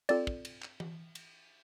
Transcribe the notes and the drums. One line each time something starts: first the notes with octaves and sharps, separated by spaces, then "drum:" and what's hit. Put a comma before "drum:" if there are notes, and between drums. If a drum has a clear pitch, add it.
C4 F4 A4 D5, drum: cymbal
drum: kick
drum: cymbal
drum: clap
drum: tom E3
drum: cymbal